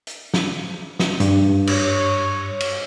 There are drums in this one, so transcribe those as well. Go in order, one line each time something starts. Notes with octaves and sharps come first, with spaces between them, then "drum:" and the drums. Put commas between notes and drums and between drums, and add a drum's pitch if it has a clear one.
drum: hi-hat
drum: snare
drum: snare
G2, drum: hi-hat
C#5, drum: cymbal
drum: cymbal